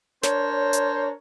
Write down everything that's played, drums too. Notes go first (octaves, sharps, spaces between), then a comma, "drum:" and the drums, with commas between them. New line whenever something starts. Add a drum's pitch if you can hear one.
D4 A#4 C5 C#5, drum: snare
drum: hi-hat